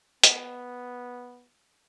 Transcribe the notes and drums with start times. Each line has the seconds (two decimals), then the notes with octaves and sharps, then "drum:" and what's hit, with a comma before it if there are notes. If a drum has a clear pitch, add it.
0.23 B3, drum: hi-hat